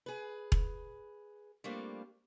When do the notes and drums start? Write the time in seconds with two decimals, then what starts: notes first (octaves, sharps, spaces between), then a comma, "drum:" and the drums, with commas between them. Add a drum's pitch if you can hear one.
0.06 G#4 B4
0.52 drum: kick E1
1.64 G3 A3 A#3 C4 D4 F4